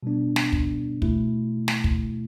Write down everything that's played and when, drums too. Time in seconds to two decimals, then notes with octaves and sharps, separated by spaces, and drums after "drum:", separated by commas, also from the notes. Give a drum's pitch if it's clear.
0.03 B2 G3 B3 D4
0.36 drum: snare
0.53 drum: kick
1.02 B2 A3 E4, drum: kick
1.68 drum: snare
1.84 drum: kick